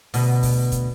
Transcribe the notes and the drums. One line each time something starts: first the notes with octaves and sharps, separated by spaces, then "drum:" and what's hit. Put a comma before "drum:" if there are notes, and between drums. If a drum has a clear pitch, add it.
D2 B2, drum: open hi-hat
drum: kick, open hi-hat
drum: kick, hi-hat